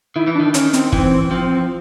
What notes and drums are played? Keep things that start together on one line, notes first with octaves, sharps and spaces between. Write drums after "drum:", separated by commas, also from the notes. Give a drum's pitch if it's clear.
D#3 E4
E3
D#3 D4
D#3 C#4, drum: hi-hat
C4, drum: hi-hat
E3 C4, drum: kick G1
F3 C4